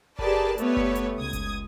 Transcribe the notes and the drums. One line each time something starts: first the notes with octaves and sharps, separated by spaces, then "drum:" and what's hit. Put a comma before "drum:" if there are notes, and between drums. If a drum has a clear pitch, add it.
G4 G#4 A#4 B4 D5 A5, drum: kick F#1
A3 B3 G4 B4 C#5, drum: hi-hat
drum: kick F#1
drum: hi-hat
C#2 D#6 G#6
drum: kick F#1, hi-hat